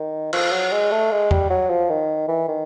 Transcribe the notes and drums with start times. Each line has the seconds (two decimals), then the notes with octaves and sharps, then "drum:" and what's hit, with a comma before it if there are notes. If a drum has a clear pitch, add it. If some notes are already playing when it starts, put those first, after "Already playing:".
Already playing: D#3
0.33 F3, drum: cymbal
0.52 F#3
0.72 G#3
0.91 A3
1.11 G#3
1.31 G3, drum: tom E2
1.50 F#3
1.70 F3
1.90 D#3
2.29 E3
2.48 D#3